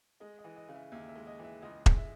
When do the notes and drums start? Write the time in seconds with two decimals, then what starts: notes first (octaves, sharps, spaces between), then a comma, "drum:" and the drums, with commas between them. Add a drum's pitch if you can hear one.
0.20 G#3 D#5
0.39 D#5
0.44 E3
0.56 D#5
0.68 C#3
0.75 E5
0.92 D#2 E5
1.09 E5
1.15 G#3
1.27 D#5
1.39 E3
1.44 E5
1.62 C#2 D#5
1.86 G#3, drum: kick E1
1.98 E5